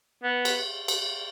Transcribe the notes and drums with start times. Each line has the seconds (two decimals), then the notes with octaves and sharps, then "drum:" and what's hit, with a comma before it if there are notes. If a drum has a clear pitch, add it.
0.23 B3
0.45 drum: cymbal
0.88 drum: cymbal